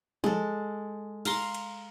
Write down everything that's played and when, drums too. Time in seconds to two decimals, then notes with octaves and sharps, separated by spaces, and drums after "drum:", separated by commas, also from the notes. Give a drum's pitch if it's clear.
0.24 G#3 A4, drum: tom F3
1.25 F5 A#5 C6, drum: cymbal
1.54 drum: hi-hat